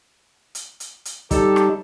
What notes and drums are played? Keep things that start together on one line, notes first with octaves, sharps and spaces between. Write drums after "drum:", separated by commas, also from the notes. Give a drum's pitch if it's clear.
drum: hi-hat
drum: hi-hat
drum: hi-hat
G3 D#4 G4 A4, drum: kick, hi-hat
drum: rim click